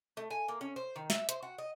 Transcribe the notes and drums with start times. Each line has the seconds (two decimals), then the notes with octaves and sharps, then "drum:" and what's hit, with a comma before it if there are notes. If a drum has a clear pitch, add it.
0.17 A3
0.31 G#5
0.48 A#3
0.61 C#4
0.76 C5
0.96 D#3
1.10 E5, drum: snare
1.29 C5, drum: hi-hat
1.43 F#4
1.58 D#5